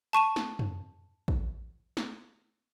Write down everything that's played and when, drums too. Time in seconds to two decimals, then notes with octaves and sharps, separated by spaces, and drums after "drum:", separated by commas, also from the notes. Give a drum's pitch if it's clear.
0.13 A5 C#6 D#7 E7
0.36 drum: snare
0.59 drum: tom
1.28 drum: kick
1.97 drum: snare